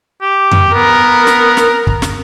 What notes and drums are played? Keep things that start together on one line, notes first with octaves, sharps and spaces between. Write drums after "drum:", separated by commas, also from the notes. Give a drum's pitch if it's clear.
G4
drum: tom F2
B3 A#4
drum: snare
drum: snare
drum: kick
drum: snare